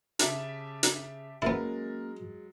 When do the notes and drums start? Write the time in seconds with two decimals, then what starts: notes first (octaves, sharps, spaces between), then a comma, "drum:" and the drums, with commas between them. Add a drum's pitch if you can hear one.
0.19 C#3 G4 E5 A5 B5, drum: hi-hat
0.83 drum: hi-hat
1.42 F#3 G#3 A#3 B3 C#4 E4 A#4 A6